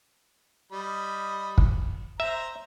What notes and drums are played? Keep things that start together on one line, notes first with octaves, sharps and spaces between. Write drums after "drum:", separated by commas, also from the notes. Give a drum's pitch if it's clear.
G3 D#5 B5
drum: kick
C5 E5 A#5